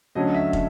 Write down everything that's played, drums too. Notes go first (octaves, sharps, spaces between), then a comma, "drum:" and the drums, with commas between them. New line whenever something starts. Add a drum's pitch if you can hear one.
F#2 D3 F#3 A3 C#4 D#5
E5
drum: kick